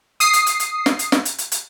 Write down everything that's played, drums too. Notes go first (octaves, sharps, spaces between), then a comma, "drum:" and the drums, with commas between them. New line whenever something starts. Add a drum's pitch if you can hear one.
D#6 C7, drum: hi-hat
drum: hi-hat
drum: hi-hat
drum: hi-hat
drum: snare
drum: hi-hat
drum: snare
drum: hi-hat
drum: hi-hat
drum: hi-hat